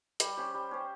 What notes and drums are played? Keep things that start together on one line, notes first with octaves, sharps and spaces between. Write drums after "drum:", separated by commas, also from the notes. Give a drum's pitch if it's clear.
G3, drum: hi-hat
C#4 G4 C5
G3
C#4 G4 C5